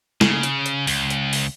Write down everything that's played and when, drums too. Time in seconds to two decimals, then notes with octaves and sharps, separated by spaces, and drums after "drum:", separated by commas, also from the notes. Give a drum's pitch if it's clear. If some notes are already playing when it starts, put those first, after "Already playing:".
0.21 C#3, drum: snare
0.43 drum: hi-hat
0.66 drum: hi-hat
0.87 C#2, drum: open hi-hat
1.10 drum: hi-hat
1.33 drum: open hi-hat